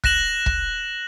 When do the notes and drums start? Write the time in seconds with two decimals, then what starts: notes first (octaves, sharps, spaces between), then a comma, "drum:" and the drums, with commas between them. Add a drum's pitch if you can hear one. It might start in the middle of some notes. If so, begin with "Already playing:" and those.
0.04 F#6 A#6 E7 F#7, drum: kick
0.46 drum: kick